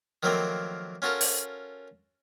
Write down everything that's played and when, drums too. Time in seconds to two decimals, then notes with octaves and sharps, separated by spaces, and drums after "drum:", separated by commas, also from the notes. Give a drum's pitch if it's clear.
0.23 D#3 F3 F#3 A3 A#3 C4
1.02 C#4 F4 F#4 A4 A#4
1.21 drum: open hi-hat